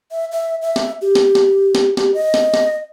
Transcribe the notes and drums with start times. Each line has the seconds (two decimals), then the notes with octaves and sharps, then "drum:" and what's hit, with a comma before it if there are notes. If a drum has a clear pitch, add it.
0.11 E5
0.32 E5
0.62 E5
0.76 drum: snare
1.01 G4
1.15 drum: snare
1.35 drum: snare
1.75 drum: snare
1.97 G4, drum: snare
2.14 D#5
2.34 drum: snare
2.54 drum: snare